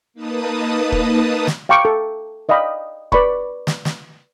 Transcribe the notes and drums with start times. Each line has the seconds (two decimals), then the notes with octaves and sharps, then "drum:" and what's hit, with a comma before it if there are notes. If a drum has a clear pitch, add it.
0.14 A#3 D#4 B4 A5 D#6
0.92 drum: kick
1.47 drum: snare
1.69 F5 G5 A#5 C#6 D6
1.85 A4
2.49 D5 D#5 F5 G5 B5
3.12 B4 D5 B5 C#6, drum: kick
3.67 drum: snare
3.85 drum: snare